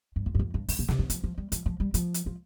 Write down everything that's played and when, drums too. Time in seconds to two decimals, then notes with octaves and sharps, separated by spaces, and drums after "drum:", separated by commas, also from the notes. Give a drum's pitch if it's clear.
0.16 G2
0.26 F2
0.35 G2
0.39 F2
0.54 G2
0.68 G2, drum: open hi-hat
0.79 A#2
0.88 C3, drum: snare
0.99 D3
1.10 F3, drum: hi-hat
1.24 F3
1.38 G3
1.52 F3, drum: hi-hat
1.66 F3
1.80 G3
1.94 F3, drum: hi-hat
2.14 drum: hi-hat
2.26 F3